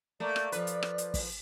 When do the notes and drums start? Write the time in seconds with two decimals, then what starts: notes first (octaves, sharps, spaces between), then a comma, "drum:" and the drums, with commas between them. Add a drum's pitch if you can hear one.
0.20 A3 A#3 D5
0.36 drum: rim click
0.52 F3 B4, drum: hi-hat
0.67 drum: hi-hat
0.83 drum: rim click
0.98 drum: hi-hat
1.14 drum: kick, open hi-hat